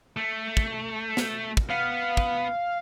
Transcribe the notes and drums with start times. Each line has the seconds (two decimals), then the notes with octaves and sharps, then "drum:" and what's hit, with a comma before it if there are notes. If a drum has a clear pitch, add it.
0.17 A3
0.57 drum: kick
1.17 drum: snare
1.57 drum: kick
1.70 B3 F5
2.17 drum: kick